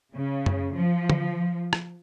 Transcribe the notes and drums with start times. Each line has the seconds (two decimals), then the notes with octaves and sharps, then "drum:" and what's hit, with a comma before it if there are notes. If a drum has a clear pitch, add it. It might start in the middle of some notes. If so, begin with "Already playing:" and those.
0.15 C#3
0.46 drum: tom F#2
0.72 F3
1.10 drum: tom D3
1.73 drum: rim click